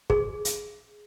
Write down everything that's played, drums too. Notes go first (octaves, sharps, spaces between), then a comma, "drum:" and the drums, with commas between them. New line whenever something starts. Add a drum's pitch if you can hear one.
G#4, drum: kick
drum: hi-hat